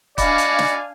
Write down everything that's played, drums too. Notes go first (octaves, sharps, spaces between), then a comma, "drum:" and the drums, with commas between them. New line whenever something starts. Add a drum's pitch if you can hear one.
D4 F#4 D5 D#5 F5 G#5 B5 D6, drum: kick, hi-hat
drum: hi-hat
drum: snare